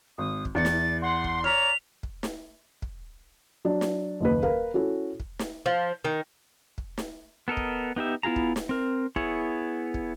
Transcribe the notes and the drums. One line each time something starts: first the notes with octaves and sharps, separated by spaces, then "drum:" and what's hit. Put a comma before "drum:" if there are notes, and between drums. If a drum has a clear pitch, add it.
G#1 D#6
drum: kick
E2 D5 A6 C#7
drum: snare
F#5 C6
drum: kick
C#5 D5 A#5 F6 B6 F7
drum: kick
drum: snare
drum: kick
F#3 D4
drum: snare
F#1 D#2 B4
A#4 B4 F5, drum: kick
C#4 E4 F#4 A4
drum: kick
drum: snare
F3
D#3
drum: kick
drum: snare
B3 A4 A#4 D#5
drum: kick
B3 D#4 G4 E5
B3 E4 F4 G#4 A#5
drum: kick
drum: snare
C4 A#4
B3 E4 G#4 C#5, drum: kick
drum: kick